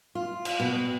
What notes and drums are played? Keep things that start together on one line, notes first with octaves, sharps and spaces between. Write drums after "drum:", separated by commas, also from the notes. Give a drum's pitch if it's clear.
F4
drum: cymbal
B2